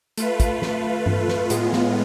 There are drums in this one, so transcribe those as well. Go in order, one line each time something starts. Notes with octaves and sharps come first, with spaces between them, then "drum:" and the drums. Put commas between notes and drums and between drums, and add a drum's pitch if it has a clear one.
A3 F4 B4, drum: hi-hat
drum: kick, hi-hat
drum: snare
drum: tom G2
drum: snare
A2 G#3 B3 F4, drum: hi-hat
drum: snare